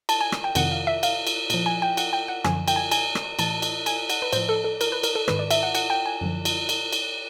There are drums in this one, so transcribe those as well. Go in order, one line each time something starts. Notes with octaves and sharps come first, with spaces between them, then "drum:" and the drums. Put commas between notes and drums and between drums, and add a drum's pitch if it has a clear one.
A5, drum: cymbal
G#5
drum: rim click
G5
F2 C3 D#3 F#5, drum: cymbal
F5
E5
F5, drum: cymbal
drum: cymbal
A#2 F3, drum: cymbal
G#5
G5
F#5, drum: cymbal
G5
F#5
F#2 D3 F3 G#5, drum: rim click
G5, drum: cymbal
G#5
G#5, drum: cymbal
drum: rim click
A2 E3 A5, drum: cymbal
drum: cymbal
G#5, drum: cymbal
F#5, drum: cymbal
B4
A2 F3 C5, drum: cymbal
A4
A4
A#4, drum: cymbal
B4
A#4, drum: cymbal
A4
G#2 D#3 B4, drum: rim click
D5
E5, drum: cymbal
F#5
F#5, drum: cymbal
G5
G#5
F#2 D3 F3
drum: cymbal
drum: cymbal
drum: cymbal